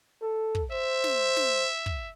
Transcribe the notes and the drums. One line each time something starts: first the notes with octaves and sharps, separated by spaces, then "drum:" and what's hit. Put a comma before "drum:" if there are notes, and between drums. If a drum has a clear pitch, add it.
A4
drum: kick
C5 E5
drum: snare
drum: snare
drum: kick